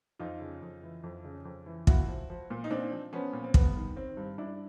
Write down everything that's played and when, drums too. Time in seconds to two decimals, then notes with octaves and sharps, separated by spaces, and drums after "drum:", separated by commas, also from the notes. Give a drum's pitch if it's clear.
0.19 F2 D#4 F4
0.41 C#3
0.62 F2
0.83 E3
1.03 F2
1.24 C#3
1.45 F2
1.66 E3
1.87 A#2 E4 F#4, drum: kick
2.08 F3
2.30 F3
2.50 A#2
2.64 D#4
2.70 A#2 C4 D4
2.92 F3
3.13 F3 B3 C#4
3.33 A#2
3.44 C4
3.54 G2 B3, drum: kick
3.76 D#3
3.96 D#3 C4
4.17 G2
4.38 G2 D4 E4